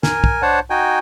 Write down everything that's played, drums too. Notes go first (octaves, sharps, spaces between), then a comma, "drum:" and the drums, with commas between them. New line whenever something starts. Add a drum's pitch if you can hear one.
A#4 G#5, drum: snare
drum: kick
D4 C5 C#5 F#5 A5
D#4 F#4 G5 G#5